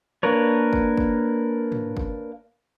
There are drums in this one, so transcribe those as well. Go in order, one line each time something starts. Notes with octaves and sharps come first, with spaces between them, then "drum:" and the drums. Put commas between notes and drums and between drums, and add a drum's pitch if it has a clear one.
A#3 D4 A#4 B4 C#5
drum: kick
drum: kick
drum: tom
drum: kick